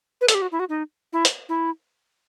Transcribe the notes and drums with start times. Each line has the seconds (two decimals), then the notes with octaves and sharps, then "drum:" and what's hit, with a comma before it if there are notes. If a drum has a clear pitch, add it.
0.21 B4
0.28 A4, drum: hi-hat
0.35 G4
0.42 F#4
0.52 E4
0.60 F#4
0.69 D#4
1.13 E4
1.25 drum: hi-hat
1.49 E4